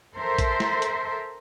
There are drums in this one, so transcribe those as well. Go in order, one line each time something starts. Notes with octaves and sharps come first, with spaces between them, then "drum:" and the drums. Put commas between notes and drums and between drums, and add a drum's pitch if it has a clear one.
A4 A#4 C5 E5
drum: kick, hi-hat
drum: snare
drum: hi-hat